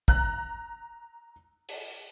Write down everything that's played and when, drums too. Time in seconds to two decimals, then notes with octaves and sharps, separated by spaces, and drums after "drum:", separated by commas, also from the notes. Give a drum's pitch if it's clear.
0.08 A#5 F#6, drum: kick
1.69 drum: open hi-hat